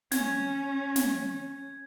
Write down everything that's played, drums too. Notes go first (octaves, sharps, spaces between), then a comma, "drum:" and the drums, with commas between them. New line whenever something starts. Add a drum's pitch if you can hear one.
C#4 G#6, drum: snare
drum: snare